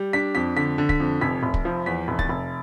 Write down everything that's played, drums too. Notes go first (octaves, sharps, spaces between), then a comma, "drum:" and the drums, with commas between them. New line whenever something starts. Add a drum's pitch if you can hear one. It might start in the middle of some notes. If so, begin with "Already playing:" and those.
Already playing: G3
D4 B6
F2 B6
D3 B6
D3
B6, drum: kick
F2
F1 B6
F1
drum: kick
F3
E2 B6
F1
A6, drum: kick
F1